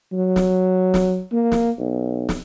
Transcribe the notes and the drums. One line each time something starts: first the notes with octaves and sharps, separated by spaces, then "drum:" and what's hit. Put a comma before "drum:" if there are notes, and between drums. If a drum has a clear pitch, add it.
F#3
drum: snare
drum: snare
A#3
drum: snare
B1
drum: snare